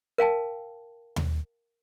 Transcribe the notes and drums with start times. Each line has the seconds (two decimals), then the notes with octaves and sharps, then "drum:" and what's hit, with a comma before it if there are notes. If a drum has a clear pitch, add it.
0.18 A#4 F5 G5 A5
1.16 drum: tom D#2